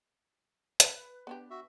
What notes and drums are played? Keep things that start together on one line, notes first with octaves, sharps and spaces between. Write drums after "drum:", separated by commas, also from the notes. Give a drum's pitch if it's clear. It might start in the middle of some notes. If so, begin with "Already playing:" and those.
B4, drum: hi-hat
B3 D4 G4
F#4 E5